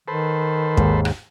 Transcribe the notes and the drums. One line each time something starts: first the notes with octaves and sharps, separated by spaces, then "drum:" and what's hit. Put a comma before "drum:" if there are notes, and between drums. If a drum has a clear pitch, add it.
D#3 A4 B4 C5
D#2 G#2, drum: kick
drum: rim click